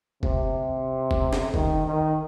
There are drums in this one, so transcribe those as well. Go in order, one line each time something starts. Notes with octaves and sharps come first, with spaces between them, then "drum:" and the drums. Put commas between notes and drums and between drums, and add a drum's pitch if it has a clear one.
C3, drum: kick
drum: kick
drum: snare
D#3, drum: kick
D#3